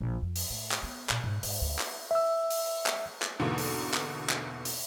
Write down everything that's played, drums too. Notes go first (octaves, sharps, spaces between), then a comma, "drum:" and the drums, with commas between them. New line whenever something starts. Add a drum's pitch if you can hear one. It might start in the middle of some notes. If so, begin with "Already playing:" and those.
A#1
F2
drum: open hi-hat
A2
drum: clap
B3
A#2, drum: clap
G#2
G#2, drum: open hi-hat
D2
drum: clap
E5 E6
drum: open hi-hat
drum: clap
drum: clap
E2 G#2 B2 D3 A#3 B3
drum: open hi-hat
drum: clap
drum: clap
drum: open hi-hat